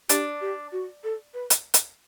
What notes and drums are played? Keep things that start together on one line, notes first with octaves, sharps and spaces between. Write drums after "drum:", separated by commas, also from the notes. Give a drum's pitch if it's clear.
D4 G4, drum: hi-hat
G4
F#4
A4
B4
drum: hi-hat
drum: hi-hat